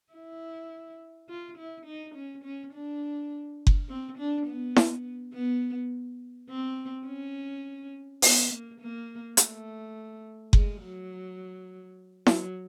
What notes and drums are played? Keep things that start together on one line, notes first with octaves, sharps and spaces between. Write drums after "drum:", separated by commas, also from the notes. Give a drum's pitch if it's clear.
E4
F4
E4
D#4
C#4
C#4
D4
drum: kick F#1
C4
D4
B3
drum: snare E4
B3
C4
C#4
B3, drum: open hi-hat
A#3
A#3
A3, drum: hi-hat
G#3, drum: kick F#1
F#3
F#3, drum: snare E4